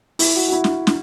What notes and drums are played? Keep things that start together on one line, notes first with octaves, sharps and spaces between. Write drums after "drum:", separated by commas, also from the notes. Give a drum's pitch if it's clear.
E4, drum: open hi-hat
F#4
F#4
E4
drum: snare
drum: snare